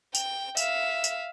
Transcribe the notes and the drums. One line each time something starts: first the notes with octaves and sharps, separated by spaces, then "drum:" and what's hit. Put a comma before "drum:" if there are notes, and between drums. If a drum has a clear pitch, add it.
G5, drum: tambourine
E5 F5, drum: tambourine
drum: tambourine